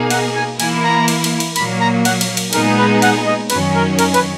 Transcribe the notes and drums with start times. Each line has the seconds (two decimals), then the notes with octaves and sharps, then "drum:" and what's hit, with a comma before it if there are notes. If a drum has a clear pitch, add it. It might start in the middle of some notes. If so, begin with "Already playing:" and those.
Already playing: B2 A#3 D#4 G#4
0.10 F#5, drum: cymbal
0.36 G#5
0.60 E3 A#3 E4 G#5, drum: cymbal
0.84 A#5
1.08 drum: cymbal
1.24 drum: cymbal
1.40 drum: cymbal
1.56 A#2 F#3 A#3 B5, drum: cymbal
1.81 A#5
2.05 F#5, drum: cymbal
2.21 drum: cymbal
2.37 drum: cymbal
2.53 A#2 G#3 B3 D#4 G#4 A#4, drum: cymbal
2.77 B4
3.02 F#5, drum: cymbal
3.27 D#5
3.50 F#2 D#3 F#3 C#4 B4, drum: cymbal
3.75 A#4
3.99 A#4, drum: cymbal
4.14 B4, drum: cymbal